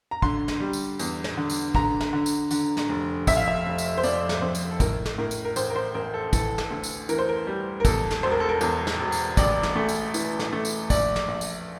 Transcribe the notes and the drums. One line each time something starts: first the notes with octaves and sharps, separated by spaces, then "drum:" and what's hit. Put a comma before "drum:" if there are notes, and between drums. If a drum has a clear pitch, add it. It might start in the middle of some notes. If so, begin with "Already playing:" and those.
A#5
D3 C6, drum: kick
drum: snare
G3
drum: tambourine
E2, drum: tambourine
drum: snare
D3
drum: tambourine
D3 A#5, drum: kick
drum: snare
D3
drum: tambourine
D3, drum: tambourine
drum: snare
F1
F2 E5, drum: kick, tambourine
F5
E5
F1
drum: tambourine
C5
F2 D5, drum: tambourine
drum: snare
F2 C5
drum: tambourine
A4
A2 A#4, drum: kick, tambourine
drum: snare
A2 A#4
drum: tambourine
A#4
A1 C5, drum: tambourine
A#4
C5
A1 A#4
A4
E3 A4, drum: kick, tambourine
drum: snare
D2
drum: tambourine
E3 A#4, drum: tambourine
C5
A#4
G3
A#4
E2 A4, drum: kick, tambourine
drum: snare
E1 C5
A#4
A4
A#4
E2, drum: tambourine
drum: snare
E1
drum: tambourine
A1 D5, drum: kick, tambourine
drum: snare
A3
drum: tambourine
E3, drum: tambourine
drum: snare
A3
drum: tambourine
A#1 D5, drum: kick, tambourine
drum: snare
A#1
drum: tambourine